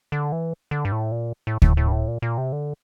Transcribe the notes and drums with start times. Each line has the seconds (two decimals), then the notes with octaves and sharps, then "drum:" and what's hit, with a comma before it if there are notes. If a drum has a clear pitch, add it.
0.12 D3
0.32 E3
0.71 D3
0.85 G2
0.92 A2
1.12 A#2
1.47 A2
1.62 A2, drum: kick D2
1.77 A2
1.88 G2
1.92 A2
2.08 A#2
2.22 A#2
2.38 C3
2.52 D3